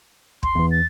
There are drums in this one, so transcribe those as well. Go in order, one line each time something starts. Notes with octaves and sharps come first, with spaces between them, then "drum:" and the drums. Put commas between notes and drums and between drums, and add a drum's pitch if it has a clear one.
C6, drum: kick
E2 E3
A6